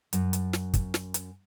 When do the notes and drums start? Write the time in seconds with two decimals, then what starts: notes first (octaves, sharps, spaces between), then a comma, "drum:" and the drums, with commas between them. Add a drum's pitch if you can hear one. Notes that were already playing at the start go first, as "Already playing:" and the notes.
0.13 F#2, drum: hi-hat
0.33 drum: hi-hat
0.53 drum: snare
0.74 drum: kick, hi-hat
0.94 drum: snare
1.14 drum: hi-hat